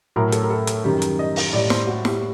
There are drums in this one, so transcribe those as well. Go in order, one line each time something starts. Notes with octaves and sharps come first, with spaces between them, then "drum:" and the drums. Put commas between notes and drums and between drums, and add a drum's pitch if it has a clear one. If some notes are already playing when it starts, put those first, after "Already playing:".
A2 F#3 A#4
A4, drum: hi-hat
A#4
A4
drum: hi-hat
F#2 D#3 G3 G4
drum: hi-hat
D#5
drum: open hi-hat
A2 G3 D5
C5, drum: snare
F#4
G4, drum: snare